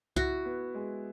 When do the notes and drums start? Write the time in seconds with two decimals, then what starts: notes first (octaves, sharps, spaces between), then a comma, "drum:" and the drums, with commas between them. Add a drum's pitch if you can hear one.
0.16 E4 F#4, drum: kick C2
0.45 B3
0.75 G#3